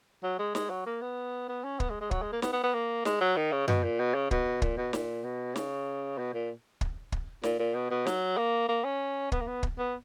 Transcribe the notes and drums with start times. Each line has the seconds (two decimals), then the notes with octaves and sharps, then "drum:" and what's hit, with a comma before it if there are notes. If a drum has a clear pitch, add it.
0.23 F#3
0.39 G#3
0.55 G#3, drum: snare
0.70 F#3
0.86 A#3
1.02 B3
1.49 B3
1.64 C#4
1.80 B3, drum: kick
1.90 G#3
2.01 G#3
2.11 F#3, drum: kick
2.22 G#3
2.33 A#3
2.42 B3, drum: snare
2.53 B3
2.64 B3
2.74 A#3
3.05 G#3, drum: snare
3.21 F#3
3.37 D#3
3.52 C#3
3.68 B2, drum: tom F#2
3.83 A#2
4.00 B2
4.15 C#3
4.31 B2, drum: kick
4.62 A#2, drum: kick
4.77 B2
4.93 A#2, drum: snare
5.25 B2
5.56 C#3, drum: snare
6.18 B2
6.34 A#2
6.81 drum: kick
7.12 drum: kick
7.43 A#2, drum: snare
7.59 A#2
7.75 B2
7.91 B2
8.06 F#3, drum: snare
8.37 A#3
8.69 A#3
8.84 C#4
9.32 B3, drum: kick
9.41 A#3
9.47 B3
9.63 drum: kick
9.79 B3